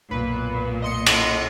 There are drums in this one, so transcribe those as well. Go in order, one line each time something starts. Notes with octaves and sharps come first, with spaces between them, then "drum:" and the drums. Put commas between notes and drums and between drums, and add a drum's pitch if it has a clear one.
B1 F#2 A#2 B3 B4
D#5 C6 C#7
drum: cymbal